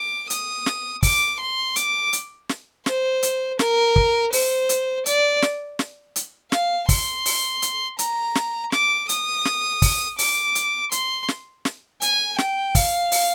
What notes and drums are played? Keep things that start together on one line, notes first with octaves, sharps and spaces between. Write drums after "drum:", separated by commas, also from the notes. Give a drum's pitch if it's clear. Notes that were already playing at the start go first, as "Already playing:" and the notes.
Already playing: D6
D#6, drum: hi-hat
drum: snare
D6, drum: kick, open hi-hat
C6
D6, drum: hi-hat
drum: hi-hat
drum: snare
C5, drum: snare
drum: hi-hat
A#4, drum: snare
drum: kick
C5, drum: open hi-hat
drum: hi-hat
D5, drum: hi-hat
drum: snare
drum: snare
drum: hi-hat
F5, drum: snare
C6, drum: kick, open hi-hat
drum: open hi-hat
drum: hi-hat
A#5, drum: hi-hat
drum: snare
D6, drum: snare
D#6, drum: hi-hat
drum: snare
drum: kick, open hi-hat
D6, drum: open hi-hat
drum: hi-hat
C6, drum: hi-hat
drum: snare
drum: snare
G#5, drum: hi-hat
G5, drum: snare
F5, drum: kick, open hi-hat
drum: open hi-hat